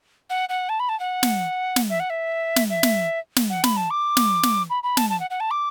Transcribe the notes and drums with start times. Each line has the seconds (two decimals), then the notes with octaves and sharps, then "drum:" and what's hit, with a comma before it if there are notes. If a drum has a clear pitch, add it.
0.30 F#5
0.49 F#5
0.69 A5
0.80 B5
0.89 A5
1.00 F#5
1.23 drum: snare
1.76 drum: snare
1.90 E5
2.00 F#5
2.10 E5
2.56 drum: snare
2.70 E5
2.83 drum: snare
3.36 drum: snare
3.50 F#5
3.64 B5, drum: snare
3.76 A5
3.90 D6
4.17 drum: snare
4.43 drum: snare
4.70 B5
4.83 B5
4.97 A5, drum: snare
5.10 A5
5.20 F#5
5.30 F#5
5.40 A5
5.51 D6